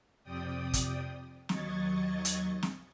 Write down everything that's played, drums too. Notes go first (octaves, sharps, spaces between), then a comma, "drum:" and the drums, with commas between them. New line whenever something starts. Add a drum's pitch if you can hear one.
F2 C3 D5 G5 D#6
drum: kick, hi-hat
D#2 F#3 D#5 C#6 G#6 A6, drum: snare
drum: hi-hat
drum: snare